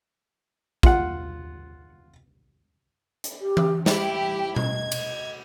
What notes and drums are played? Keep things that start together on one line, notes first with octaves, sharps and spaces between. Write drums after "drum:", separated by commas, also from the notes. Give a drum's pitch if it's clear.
F4 F#5, drum: kick
drum: hi-hat
G4
drum: tom E3
E4 G4 G5, drum: snare
D#5 G#6, drum: tom B2
drum: cymbal